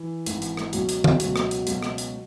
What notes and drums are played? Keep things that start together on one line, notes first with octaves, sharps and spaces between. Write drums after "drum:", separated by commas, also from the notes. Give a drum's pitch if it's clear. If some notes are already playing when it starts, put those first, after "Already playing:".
Already playing: E3
G#1 G#2 E3, drum: hi-hat
drum: hi-hat
drum: rim click
C#2 B2 F#3, drum: hi-hat
drum: hi-hat
drum: tom
C#2 B2 F#3, drum: hi-hat
drum: rim click
drum: hi-hat
C#2 B2 F#3, drum: hi-hat
drum: rim click
drum: hi-hat